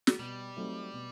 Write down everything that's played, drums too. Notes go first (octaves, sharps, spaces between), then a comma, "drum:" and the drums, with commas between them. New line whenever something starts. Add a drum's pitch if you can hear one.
drum: snare
B2 G3
F#3 A3 C4 D#4
B2